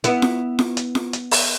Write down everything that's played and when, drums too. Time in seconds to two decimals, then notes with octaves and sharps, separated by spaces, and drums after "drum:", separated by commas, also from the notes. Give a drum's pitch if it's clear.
0.04 B3 E4, drum: hi-hat
0.22 drum: snare F4
0.59 drum: snare F4
0.77 drum: hi-hat
0.95 drum: snare F4
1.13 drum: hi-hat
1.31 drum: open hi-hat